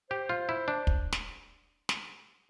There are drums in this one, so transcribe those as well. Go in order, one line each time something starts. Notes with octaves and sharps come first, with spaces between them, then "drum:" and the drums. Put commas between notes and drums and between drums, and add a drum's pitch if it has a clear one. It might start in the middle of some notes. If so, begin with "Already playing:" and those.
G4 C5
F4
E4
D4
drum: kick
drum: snare
drum: snare